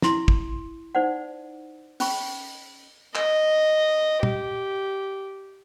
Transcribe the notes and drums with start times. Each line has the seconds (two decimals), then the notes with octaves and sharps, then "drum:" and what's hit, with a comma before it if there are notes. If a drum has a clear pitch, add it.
0.02 E4 C6, drum: snare
0.28 drum: kick
0.95 D#4 C5 D5 F#5
2.00 C#4 B5 C#6, drum: open hi-hat
3.15 D#5, drum: clap
4.23 G4, drum: tom